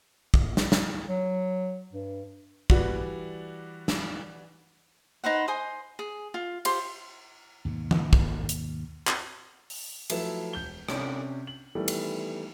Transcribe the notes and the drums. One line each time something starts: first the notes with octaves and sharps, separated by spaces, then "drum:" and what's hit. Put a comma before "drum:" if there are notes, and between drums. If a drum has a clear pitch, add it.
drum: kick
drum: snare
drum: snare
F#3
G2
E3 G3 F#4 D5, drum: kick
drum: snare
D#4 B4 C5 F#5
C5 G#5 C6 D#6
G#4
F4
F4 G4 C5 C6, drum: cymbal
D#2 G#2 B2
drum: tom E3
drum: kick
drum: hi-hat
drum: clap
drum: open hi-hat
F3 F#3 A3 E4 B4 E7, drum: cymbal
E1 G6 G7
C3 C#4 D4, drum: rim click
F#7
D#3 E3 G3 A3 B3
drum: cymbal